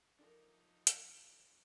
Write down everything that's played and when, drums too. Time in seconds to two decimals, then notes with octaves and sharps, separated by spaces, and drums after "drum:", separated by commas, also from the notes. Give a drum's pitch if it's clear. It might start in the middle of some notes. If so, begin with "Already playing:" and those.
0.18 F3 D4 D#4 A4 A#4
0.87 drum: hi-hat